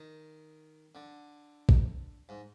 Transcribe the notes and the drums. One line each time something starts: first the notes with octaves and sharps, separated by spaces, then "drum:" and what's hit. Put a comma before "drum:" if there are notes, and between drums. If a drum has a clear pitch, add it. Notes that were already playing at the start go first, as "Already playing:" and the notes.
Already playing: D#3
D3
drum: kick
G#2